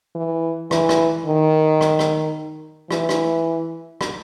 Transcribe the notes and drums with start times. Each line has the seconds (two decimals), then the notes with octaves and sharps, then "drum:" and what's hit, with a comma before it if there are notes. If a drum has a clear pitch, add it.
0.15 E3
0.71 E3, drum: rim click
0.89 drum: rim click
1.26 D#3
1.81 drum: rim click
1.99 drum: rim click
2.91 E3, drum: rim click
3.09 drum: rim click
4.01 drum: rim click